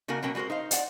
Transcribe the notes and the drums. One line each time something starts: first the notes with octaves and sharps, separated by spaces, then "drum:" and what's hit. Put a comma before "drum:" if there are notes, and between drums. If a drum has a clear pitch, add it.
C#3 A#3 D#4 F#4 A#4 G#5
B2 F#3 A#3 C#4 A#4 G5
G3 G#3 F#4 A#4 C5
D#4 C5 F5
C5 D5 F#5, drum: hi-hat